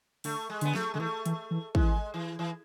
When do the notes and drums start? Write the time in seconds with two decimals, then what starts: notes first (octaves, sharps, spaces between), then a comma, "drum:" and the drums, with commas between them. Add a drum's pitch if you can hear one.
0.24 D3 A3, drum: open hi-hat
0.50 G#3
0.61 D3 B3, drum: hi-hat
0.75 A3, drum: snare
0.94 D3 G#3
1.00 E3 A3
1.26 E3, drum: hi-hat
1.51 E3
1.75 E3 G#3, drum: kick
2.14 E3
2.39 E3